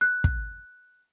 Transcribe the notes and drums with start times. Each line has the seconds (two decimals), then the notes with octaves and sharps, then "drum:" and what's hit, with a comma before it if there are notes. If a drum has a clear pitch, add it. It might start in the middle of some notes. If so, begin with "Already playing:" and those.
0.01 F#6
0.24 drum: kick